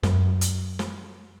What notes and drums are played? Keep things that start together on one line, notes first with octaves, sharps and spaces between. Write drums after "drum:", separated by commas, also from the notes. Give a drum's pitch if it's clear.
F#2, drum: snare
drum: hi-hat
drum: snare